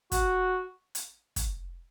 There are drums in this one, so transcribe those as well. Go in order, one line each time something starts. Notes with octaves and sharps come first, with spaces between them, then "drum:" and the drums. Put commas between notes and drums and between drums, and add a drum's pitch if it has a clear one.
F#4, drum: kick, hi-hat
drum: hi-hat
drum: kick, hi-hat